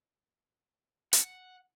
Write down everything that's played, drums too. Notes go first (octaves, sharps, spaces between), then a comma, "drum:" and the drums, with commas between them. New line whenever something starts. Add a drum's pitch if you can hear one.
F#5, drum: hi-hat